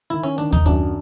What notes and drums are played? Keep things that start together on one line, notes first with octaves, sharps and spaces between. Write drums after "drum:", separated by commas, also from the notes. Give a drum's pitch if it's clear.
D#3 E4
C#4
D#3 D4
D#4, drum: kick D#2
F#2 D4